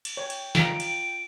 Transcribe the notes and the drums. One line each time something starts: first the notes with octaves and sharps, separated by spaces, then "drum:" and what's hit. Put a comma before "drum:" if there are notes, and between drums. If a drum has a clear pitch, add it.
drum: cymbal
C#5 G5
drum: cymbal
F4 A#5 D7, drum: snare
drum: cymbal